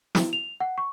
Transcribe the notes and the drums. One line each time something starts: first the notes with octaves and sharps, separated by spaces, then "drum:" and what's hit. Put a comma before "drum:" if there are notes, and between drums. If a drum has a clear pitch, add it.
E4, drum: snare
F7
F#5
C#6